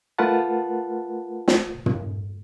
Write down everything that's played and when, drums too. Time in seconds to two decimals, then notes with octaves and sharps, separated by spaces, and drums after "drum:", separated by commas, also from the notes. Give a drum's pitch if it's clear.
0.18 A3 F4 A#4 B4 F#5 A5
1.48 drum: snare
1.86 drum: tom